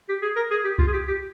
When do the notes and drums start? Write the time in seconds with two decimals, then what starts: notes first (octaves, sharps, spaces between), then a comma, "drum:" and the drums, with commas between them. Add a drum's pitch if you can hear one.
0.09 G4
0.22 G#4
0.36 A#4
0.51 G#4
0.64 G4
0.78 F4, drum: kick C2
0.87 G#4
0.93 G4
1.08 G4